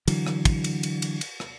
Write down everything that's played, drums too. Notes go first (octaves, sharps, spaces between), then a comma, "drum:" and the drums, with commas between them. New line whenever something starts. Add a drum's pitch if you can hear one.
D3 E3 F#3, drum: cymbal
drum: rim click
drum: kick, cymbal
drum: cymbal
drum: cymbal
drum: cymbal
drum: cymbal
drum: rim click